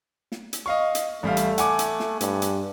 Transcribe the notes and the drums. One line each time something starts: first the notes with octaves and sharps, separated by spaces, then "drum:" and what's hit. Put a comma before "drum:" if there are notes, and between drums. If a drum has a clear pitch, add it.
drum: snare
drum: hi-hat
D#5 F5 C#6
drum: hi-hat
A1 G3 A3 F5
drum: hi-hat
F#5 G#5 D6, drum: hi-hat
drum: hi-hat
drum: snare
G2, drum: hi-hat
drum: hi-hat